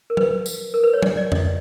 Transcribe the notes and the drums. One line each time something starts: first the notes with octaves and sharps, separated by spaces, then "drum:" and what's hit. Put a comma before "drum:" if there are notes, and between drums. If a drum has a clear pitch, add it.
A#4
B4, drum: tom
drum: tambourine
A#4
B4
C#5
D5, drum: tom
D5
D#5, drum: tom F2